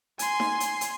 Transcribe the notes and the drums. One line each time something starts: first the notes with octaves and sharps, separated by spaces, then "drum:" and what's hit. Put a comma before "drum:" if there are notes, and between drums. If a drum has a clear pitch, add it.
G#5 C6, drum: hi-hat
drum: snare D#4
drum: hi-hat
drum: hi-hat